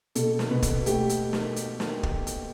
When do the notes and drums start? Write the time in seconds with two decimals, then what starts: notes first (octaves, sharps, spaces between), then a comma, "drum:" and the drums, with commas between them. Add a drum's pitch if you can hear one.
0.15 B2 A4, drum: hi-hat
0.39 drum: snare
0.51 B2 B4
0.62 drum: kick, hi-hat
0.86 A3 G4, drum: hi-hat
1.09 drum: hi-hat
1.33 drum: snare
1.56 drum: hi-hat
1.80 drum: snare
2.03 drum: kick
2.27 drum: hi-hat